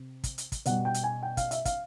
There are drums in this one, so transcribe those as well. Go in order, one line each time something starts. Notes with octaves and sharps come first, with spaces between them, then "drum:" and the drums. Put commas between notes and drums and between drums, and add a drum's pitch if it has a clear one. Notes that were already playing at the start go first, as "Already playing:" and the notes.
Already playing: C3
drum: kick, hi-hat
drum: hi-hat
drum: kick, hi-hat
B2 G3 F#5, drum: hi-hat
G5
drum: hi-hat
G#5
G5
F5, drum: kick, hi-hat
E5, drum: hi-hat
F5, drum: kick, hi-hat